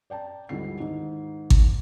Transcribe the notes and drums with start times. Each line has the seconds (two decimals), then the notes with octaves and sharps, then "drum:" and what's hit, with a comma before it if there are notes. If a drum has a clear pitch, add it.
0.10 D5 G5 A5 A#5
0.49 D2 G#2 F3 G3 E4 C7
0.80 G#2 D#3
1.50 drum: kick G#1